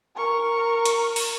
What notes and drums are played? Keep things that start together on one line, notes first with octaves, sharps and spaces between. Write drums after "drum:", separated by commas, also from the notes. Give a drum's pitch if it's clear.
A#4 C#6
drum: hi-hat
drum: open hi-hat